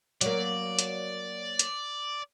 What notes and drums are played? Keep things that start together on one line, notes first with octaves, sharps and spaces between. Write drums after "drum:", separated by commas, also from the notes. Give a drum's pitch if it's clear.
F#3 A#3 D5, drum: hi-hat
drum: hi-hat
drum: hi-hat